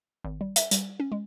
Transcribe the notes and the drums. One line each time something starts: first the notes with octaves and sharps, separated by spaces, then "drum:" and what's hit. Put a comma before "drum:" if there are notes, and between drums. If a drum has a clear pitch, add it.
G#1
G3
E5, drum: hi-hat
G3, drum: hi-hat
C#4
G#3